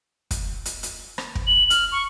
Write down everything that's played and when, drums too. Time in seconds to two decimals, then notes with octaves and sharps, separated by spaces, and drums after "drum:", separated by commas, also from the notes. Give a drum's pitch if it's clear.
0.31 drum: kick, hi-hat
0.65 drum: hi-hat
0.83 drum: hi-hat
1.18 drum: rim click
1.35 drum: kick
1.47 F#7
1.70 F6, drum: hi-hat
1.92 C#6